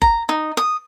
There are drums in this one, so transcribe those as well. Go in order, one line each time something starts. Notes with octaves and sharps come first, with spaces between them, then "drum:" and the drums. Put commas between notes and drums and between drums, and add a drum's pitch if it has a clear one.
A#5, drum: kick F#1
D#4
D#6